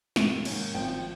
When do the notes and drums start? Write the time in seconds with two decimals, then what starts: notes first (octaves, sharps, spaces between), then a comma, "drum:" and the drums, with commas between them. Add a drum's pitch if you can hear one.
0.16 F2 C3 D#3, drum: snare
0.45 G#2 D#3 A#3 C#4, drum: cymbal
0.74 G#1 G#2 F3 C4 G5
0.88 G5